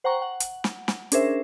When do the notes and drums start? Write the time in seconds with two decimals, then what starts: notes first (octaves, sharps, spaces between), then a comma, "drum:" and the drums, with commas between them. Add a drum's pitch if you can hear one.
0.04 C5 F#5 G5 A#5 C#6
0.22 F#5
0.40 drum: hi-hat
0.64 drum: snare
0.88 drum: snare
1.12 C#4 D4 G#4 A#4 C5 E5, drum: hi-hat